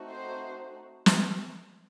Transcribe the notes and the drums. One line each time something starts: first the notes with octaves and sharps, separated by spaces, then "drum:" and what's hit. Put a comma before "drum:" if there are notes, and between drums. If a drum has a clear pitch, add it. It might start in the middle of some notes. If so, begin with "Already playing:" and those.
Already playing: A3 C4 D#4 F#4
C5
drum: snare